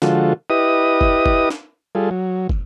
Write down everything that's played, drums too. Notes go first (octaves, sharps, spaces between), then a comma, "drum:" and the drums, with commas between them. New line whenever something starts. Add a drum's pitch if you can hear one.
D3 F3 G#3 F4 F#4 A4, drum: snare
E4 G4 B4 D#5 D#6
drum: kick
drum: kick
drum: snare
G3 F4 G#4 A4
F#3
drum: kick